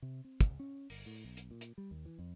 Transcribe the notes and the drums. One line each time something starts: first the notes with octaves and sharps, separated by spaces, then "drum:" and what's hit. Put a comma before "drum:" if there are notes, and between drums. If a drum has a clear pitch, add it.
C3
C4
C#2, drum: kick, hi-hat
C#4
G1, drum: open hi-hat
A2
B1
drum: hi-hat
A#2
drum: hi-hat
G3
D#2
E3
F2